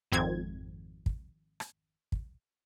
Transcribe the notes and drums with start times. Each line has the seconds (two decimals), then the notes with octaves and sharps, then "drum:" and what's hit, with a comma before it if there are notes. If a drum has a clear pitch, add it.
0.12 G#1 F2 C4 G#6
1.06 drum: kick
1.60 drum: rim click
2.12 drum: kick